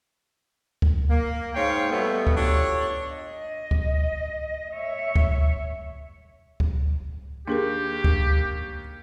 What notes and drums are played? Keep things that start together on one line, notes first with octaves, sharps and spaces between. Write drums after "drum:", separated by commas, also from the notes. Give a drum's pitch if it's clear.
drum: kick C#2
A#3
G#2 C5 C#5 F5 G5
B2 G3 A3 B3
drum: kick C#2
D4 F4 G4 A4 C#5
D#5
drum: kick C#2
C#5 E5
drum: kick C#2
drum: kick C#2
D#2 D4 G4 G#4 A#4
drum: kick C#2